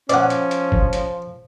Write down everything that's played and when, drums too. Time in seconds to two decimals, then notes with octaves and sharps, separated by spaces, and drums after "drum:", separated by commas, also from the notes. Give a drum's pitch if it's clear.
0.09 F3 C#4 D5 F#5, drum: hi-hat
0.30 drum: hi-hat
0.51 drum: hi-hat
0.72 drum: kick F#1
0.93 drum: hi-hat